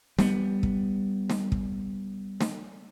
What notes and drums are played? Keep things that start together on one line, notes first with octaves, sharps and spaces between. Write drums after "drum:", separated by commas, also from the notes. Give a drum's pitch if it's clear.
G3 B3, drum: snare
drum: kick
drum: snare
drum: kick
drum: snare